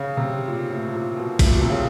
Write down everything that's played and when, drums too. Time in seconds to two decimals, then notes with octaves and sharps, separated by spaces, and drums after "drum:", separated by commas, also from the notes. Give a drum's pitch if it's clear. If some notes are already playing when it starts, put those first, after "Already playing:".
Already playing: C#3
0.17 C3
0.48 A#2
0.70 A2
0.93 A#2
1.17 B2
1.39 A2, drum: kick, cymbal
1.47 A#2
1.54 B2
1.62 C3
1.70 C#3